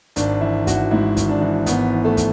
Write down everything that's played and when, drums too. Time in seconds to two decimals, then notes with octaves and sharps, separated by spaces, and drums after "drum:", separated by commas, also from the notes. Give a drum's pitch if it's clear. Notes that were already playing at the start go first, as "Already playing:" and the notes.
0.16 G#1 D4, drum: hi-hat
0.41 E3 E4
0.67 G#1 F#4, drum: kick, hi-hat
0.91 G#2 E4
1.17 G#1, drum: kick, hi-hat
1.29 D4
1.41 E3
1.66 G#1 B3, drum: hi-hat
1.93 E3
2.05 A3
2.17 drum: kick, hi-hat